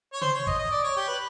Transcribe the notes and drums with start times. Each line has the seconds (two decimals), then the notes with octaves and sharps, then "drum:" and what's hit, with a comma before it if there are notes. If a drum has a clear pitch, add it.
0.13 C#5
0.21 C5, drum: tom C3
0.33 C#5
0.47 D#5, drum: kick
0.58 D#5
0.71 D5
0.84 C#5
0.97 G4
1.08 B4